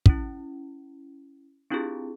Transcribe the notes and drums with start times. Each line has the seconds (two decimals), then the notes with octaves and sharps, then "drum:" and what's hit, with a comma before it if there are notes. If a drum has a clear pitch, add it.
0.06 C#4 E4, drum: kick
1.70 C4 D4 E4 F4 G4 G#4